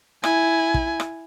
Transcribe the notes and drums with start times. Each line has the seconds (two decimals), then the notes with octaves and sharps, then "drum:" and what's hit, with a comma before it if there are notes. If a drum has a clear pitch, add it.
0.24 E4 G#5, drum: rim click
0.74 drum: kick
1.00 drum: rim click